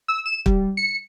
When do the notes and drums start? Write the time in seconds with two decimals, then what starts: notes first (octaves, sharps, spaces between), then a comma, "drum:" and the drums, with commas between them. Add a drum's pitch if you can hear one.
0.08 E6
0.26 E7
0.46 G3, drum: kick
0.77 C#7